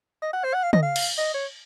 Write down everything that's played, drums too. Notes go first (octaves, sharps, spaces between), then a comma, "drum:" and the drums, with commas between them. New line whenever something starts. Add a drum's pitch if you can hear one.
D#5
F#5
C5
F#5
F5
D#5, drum: tom
F5
drum: cymbal
D#5
C#5